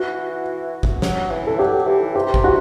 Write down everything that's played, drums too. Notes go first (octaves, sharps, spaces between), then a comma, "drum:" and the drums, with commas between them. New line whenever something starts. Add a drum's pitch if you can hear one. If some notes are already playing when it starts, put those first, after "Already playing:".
Already playing: E3 F#4
drum: kick G1
F#3, drum: snare
E3
A4
F#3 G4
E3
C3 G4
drum: kick G1
F#4